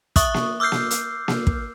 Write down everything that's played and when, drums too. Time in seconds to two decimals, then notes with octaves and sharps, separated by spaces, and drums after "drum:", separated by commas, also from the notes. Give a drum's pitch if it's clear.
0.16 E5 C#6 D#6 F#6, drum: kick, hi-hat
0.34 drum: snare A#3
0.60 D6 E6 F6 G6 C7
0.72 drum: snare A#3
0.91 drum: hi-hat
1.28 drum: snare A#3
1.47 drum: kick